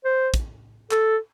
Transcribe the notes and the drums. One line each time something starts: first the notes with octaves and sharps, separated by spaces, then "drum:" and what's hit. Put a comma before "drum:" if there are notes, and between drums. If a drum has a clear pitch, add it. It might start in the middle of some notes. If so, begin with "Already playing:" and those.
C5
drum: kick, hi-hat
A4, drum: clap